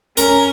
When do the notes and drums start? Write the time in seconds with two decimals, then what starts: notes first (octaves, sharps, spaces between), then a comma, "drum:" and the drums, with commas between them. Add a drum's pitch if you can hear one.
0.17 C#4 A#4, drum: hi-hat